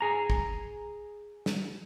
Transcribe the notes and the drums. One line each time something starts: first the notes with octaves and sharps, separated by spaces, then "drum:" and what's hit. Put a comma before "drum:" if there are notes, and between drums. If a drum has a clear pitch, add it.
G#4 A#5
drum: kick
drum: snare